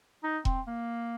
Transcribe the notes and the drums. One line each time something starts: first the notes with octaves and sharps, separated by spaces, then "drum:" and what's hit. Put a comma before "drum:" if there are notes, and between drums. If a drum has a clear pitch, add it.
D#4
C4, drum: kick E1
A#3